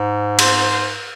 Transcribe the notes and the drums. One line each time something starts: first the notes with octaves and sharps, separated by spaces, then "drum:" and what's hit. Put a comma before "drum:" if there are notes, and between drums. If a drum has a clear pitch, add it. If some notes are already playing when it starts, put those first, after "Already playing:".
Already playing: G#2
C5, drum: cymbal